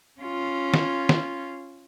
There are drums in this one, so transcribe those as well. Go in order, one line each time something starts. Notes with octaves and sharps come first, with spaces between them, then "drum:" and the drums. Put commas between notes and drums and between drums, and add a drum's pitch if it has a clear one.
C#4 F4
drum: snare
drum: snare